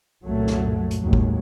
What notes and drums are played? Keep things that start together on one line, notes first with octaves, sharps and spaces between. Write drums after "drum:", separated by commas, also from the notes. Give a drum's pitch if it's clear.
C2 F#2 A#2 F#3 A3
drum: snare
drum: hi-hat
D#2 A2 F#3 G#3
drum: kick G#1